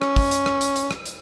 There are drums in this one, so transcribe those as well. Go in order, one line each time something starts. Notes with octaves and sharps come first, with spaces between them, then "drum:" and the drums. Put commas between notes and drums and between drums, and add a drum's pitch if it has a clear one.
C#4, drum: rim click
drum: kick, open hi-hat
drum: hi-hat
drum: rim click
drum: hi-hat
drum: hi-hat
drum: rim click
drum: hi-hat